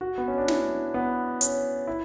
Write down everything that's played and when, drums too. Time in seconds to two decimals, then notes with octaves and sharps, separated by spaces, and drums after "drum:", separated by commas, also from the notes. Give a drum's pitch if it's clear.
0.01 F#4
0.18 B3
0.28 C#4
0.38 D4
0.48 E4, drum: snare
0.94 B3
1.41 C#4, drum: hi-hat
1.87 E4